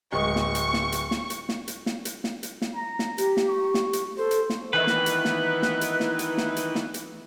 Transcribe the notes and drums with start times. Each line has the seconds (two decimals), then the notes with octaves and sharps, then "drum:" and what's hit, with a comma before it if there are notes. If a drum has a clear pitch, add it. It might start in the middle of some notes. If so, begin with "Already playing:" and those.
0.13 D1 G#3 C#6
0.36 drum: snare
0.55 drum: hi-hat
0.74 drum: snare
0.92 drum: hi-hat
1.11 drum: snare
1.30 drum: hi-hat
1.49 drum: snare
1.68 drum: hi-hat
1.86 drum: snare
2.05 drum: hi-hat
2.24 drum: snare
2.43 drum: hi-hat
2.62 drum: snare
2.75 A#5
2.99 drum: snare
3.18 G4, drum: hi-hat
3.37 drum: snare
3.48 C#6
3.74 drum: snare
3.93 drum: hi-hat
4.18 A4 C5
4.31 drum: hi-hat
4.50 drum: snare
4.73 D#3 E3 B3 B4 F#6
4.87 drum: snare
5.06 drum: hi-hat
5.25 drum: snare
5.62 drum: snare
5.81 drum: hi-hat
6.00 drum: snare
6.19 drum: hi-hat
6.38 drum: snare
6.56 drum: hi-hat
6.75 drum: snare
6.94 drum: hi-hat